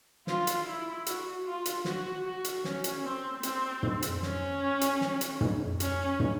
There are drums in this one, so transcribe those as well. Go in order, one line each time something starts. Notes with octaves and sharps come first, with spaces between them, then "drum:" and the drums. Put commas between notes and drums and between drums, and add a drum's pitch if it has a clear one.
F4, drum: snare
drum: hi-hat
E4
F#4, drum: hi-hat
F4
drum: hi-hat
F#4, drum: snare
F#4
drum: hi-hat
C#4, drum: snare
drum: hi-hat
C4
C4, drum: hi-hat
drum: tom
drum: hi-hat
C#4, drum: snare
drum: hi-hat
drum: snare
drum: hi-hat
drum: tom
C#4, drum: hi-hat
drum: tom